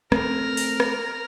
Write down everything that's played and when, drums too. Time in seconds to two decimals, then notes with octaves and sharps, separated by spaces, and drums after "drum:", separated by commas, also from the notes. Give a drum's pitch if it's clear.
0.12 A3 C4 A#4, drum: rim click
0.57 drum: open hi-hat
0.80 drum: rim click